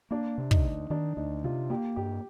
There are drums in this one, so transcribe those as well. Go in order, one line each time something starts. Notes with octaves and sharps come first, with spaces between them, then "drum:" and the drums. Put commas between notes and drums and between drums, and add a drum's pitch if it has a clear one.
A#3 D4
C3
D#4, drum: kick
D2
D#3 D4
D2 D#4
C3 F4
A#3 G4
G2 G4